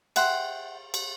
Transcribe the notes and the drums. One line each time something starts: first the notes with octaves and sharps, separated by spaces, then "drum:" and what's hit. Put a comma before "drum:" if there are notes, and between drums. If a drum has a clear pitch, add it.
E5 F#5 G5 C6, drum: cymbal
drum: cymbal